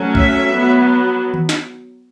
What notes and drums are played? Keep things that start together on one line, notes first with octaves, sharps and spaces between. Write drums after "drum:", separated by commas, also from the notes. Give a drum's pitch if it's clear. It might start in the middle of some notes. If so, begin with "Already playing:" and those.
Already playing: F#3 A3 C#4
E5, drum: kick B1
F#3 B3
drum: tom D#3
drum: snare